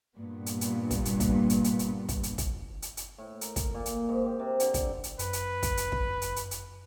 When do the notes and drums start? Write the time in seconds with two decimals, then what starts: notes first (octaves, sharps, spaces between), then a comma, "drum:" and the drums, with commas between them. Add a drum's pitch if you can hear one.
0.17 G2 A#2 B3
0.46 drum: hi-hat
0.61 drum: hi-hat
0.91 drum: kick, hi-hat
1.05 drum: hi-hat
1.20 drum: kick, hi-hat
1.50 drum: hi-hat
1.64 drum: hi-hat
1.79 drum: hi-hat
2.09 drum: kick, hi-hat
2.23 drum: hi-hat
2.38 drum: kick, hi-hat
2.82 drum: hi-hat
2.97 drum: hi-hat
3.18 A2
3.41 A#4, drum: hi-hat
3.56 drum: kick, hi-hat
3.74 A#2
3.86 drum: hi-hat
4.09 G#2
4.26 G4
4.39 C3
4.60 D3, drum: hi-hat
4.74 drum: kick, hi-hat
5.04 drum: hi-hat
5.19 F#2 B4, drum: hi-hat
5.33 drum: hi-hat
5.63 drum: kick, hi-hat
5.77 drum: hi-hat
5.92 drum: kick
6.22 drum: hi-hat
6.36 drum: hi-hat
6.51 drum: hi-hat